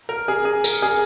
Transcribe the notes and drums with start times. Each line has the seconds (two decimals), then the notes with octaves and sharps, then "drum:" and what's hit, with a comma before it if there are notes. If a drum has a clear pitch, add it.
0.09 A#4
0.28 G#4
0.45 G#4
0.64 A#4, drum: tambourine
0.82 G#4